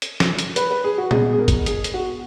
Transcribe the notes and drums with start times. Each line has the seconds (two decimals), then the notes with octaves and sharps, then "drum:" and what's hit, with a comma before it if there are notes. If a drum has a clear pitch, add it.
0.02 drum: hi-hat
0.20 drum: snare
0.39 drum: hi-hat
0.56 B4, drum: hi-hat
0.71 B4
0.84 G#4
0.98 F#4
1.11 B2 G#3 G#4, drum: tom A#2
1.33 G#4
1.39 A#4
1.48 drum: kick, hi-hat
1.66 G#4, drum: hi-hat
1.84 drum: hi-hat
1.94 F#4